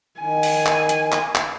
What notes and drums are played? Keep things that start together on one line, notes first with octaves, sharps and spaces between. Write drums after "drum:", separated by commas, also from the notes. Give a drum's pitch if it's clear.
D#3 G#5
drum: open hi-hat
drum: clap
drum: hi-hat
drum: clap
drum: clap